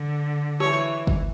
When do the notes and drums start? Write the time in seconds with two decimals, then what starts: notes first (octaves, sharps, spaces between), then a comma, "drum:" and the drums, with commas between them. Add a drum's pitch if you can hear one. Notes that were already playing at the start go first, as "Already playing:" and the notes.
Already playing: D3
0.60 E3 C#5, drum: rim click
1.07 drum: kick